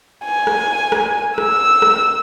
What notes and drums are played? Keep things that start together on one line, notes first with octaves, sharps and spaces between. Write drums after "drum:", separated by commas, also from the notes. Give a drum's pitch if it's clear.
G#5
drum: rim click
drum: rim click
E6, drum: rim click
drum: rim click